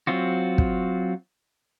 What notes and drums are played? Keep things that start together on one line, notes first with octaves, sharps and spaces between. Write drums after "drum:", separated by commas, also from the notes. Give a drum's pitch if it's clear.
F#3 C4 F4 F#4
drum: kick